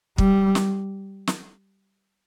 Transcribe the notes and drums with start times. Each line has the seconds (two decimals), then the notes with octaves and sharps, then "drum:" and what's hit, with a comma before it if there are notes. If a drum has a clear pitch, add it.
0.18 G3, drum: kick
0.55 drum: snare
1.27 drum: snare